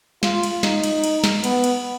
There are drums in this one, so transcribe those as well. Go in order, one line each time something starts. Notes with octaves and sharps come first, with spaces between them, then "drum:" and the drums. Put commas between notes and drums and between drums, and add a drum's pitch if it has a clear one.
F4, drum: snare
drum: cymbal
D#4, drum: snare
drum: cymbal
drum: cymbal
drum: snare
B3, drum: cymbal
drum: cymbal